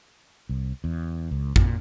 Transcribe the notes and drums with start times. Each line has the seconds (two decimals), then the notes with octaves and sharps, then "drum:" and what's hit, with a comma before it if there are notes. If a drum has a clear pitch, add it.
0.49 C2
0.84 E2
1.31 C#2
1.56 A#2, drum: kick